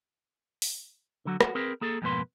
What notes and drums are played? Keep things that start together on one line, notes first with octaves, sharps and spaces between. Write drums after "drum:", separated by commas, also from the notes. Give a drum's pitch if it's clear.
drum: open hi-hat
D3 F#3 F#4
F#4, drum: rim click
C4 G#4 A#4 B4
A#3 G#4 A4
F2 G#2 B2 A#3 B4 C6